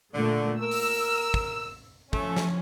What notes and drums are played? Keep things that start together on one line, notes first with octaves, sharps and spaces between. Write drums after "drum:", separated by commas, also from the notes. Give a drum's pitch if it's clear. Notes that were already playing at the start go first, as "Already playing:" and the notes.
A#2 D3 A3
A#4 E6
drum: open hi-hat
drum: kick
F3 A3 C#4, drum: kick
drum: snare